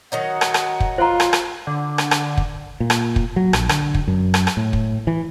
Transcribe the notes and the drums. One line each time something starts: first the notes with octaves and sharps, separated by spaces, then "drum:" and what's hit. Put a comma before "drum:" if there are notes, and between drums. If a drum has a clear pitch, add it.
D#3 F#3 D#4 F#5
drum: rim click
drum: rim click
drum: kick
F4 C5 A#5
drum: rim click
drum: rim click
D3
drum: rim click
drum: rim click
drum: kick
A#2
drum: rim click
drum: kick
F#3
A#1, drum: rim click
D3, drum: rim click
drum: kick
F#2
drum: rim click
drum: rim click
A2
drum: kick
E3